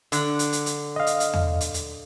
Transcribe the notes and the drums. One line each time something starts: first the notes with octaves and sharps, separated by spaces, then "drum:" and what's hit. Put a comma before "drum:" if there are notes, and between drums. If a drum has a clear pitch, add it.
D3, drum: hi-hat
drum: hi-hat
drum: hi-hat
drum: hi-hat
D#5 F5
drum: hi-hat
drum: hi-hat
drum: tom E2
drum: hi-hat
drum: hi-hat